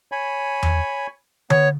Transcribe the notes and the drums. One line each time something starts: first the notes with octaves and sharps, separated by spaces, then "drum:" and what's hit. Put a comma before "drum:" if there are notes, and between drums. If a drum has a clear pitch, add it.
C#5 G#5 B5
drum: tom E2
B3 C#5, drum: tom D3